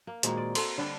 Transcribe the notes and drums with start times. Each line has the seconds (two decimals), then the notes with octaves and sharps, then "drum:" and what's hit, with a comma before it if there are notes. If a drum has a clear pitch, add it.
0.07 A#3
0.23 A#2 D#3 G#3 C4 F#4 A#5, drum: hi-hat
0.37 D5
0.55 A4 C6, drum: cymbal
0.78 D3 G3 D4 B5